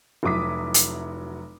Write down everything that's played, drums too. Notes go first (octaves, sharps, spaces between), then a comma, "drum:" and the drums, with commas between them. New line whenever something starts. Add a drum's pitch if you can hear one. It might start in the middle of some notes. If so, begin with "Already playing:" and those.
F1 F#3 E4 D6 D#6 B6
drum: hi-hat